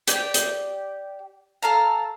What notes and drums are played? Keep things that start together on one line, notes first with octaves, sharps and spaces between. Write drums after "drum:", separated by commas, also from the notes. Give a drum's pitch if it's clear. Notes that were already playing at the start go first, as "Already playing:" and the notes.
G4 D5 G5, drum: hi-hat
drum: hi-hat
A4 F5 A#5